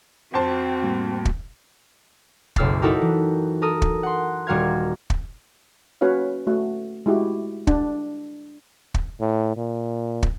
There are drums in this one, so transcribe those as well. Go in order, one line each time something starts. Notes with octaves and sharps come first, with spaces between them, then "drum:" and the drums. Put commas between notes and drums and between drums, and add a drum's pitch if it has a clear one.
F2 C4 F#4 C5 A5
A2 G3 A#3
drum: kick
F#1 B1 E6 F6 A6 C7, drum: kick
D#4 E4 F#4 G4 A4 A#4
E3
A4 A#4 D#6 D#7
drum: kick
F#5 C6
D#1 G3 F#4 A#4 F5 G#6
drum: kick
A#3 C#4 F#4 B4 C#5 F5
A3 F#4 F#5
G#3 E4 F#4 G4
D4 F#5, drum: kick
drum: kick
A2
A#2
drum: kick